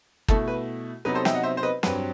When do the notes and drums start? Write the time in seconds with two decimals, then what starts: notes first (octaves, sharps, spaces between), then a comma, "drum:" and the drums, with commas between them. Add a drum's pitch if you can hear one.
0.28 B2 A3 E4 A4, drum: kick
0.48 B4
1.05 C3 F#3 B3 D#4 B4
1.15 A4 C5
1.25 E5 G5, drum: snare
1.34 D#5 F#5
1.43 C5 E5
1.57 C5
1.63 B4 D#5
1.83 G2 F#3 C4 B4, drum: snare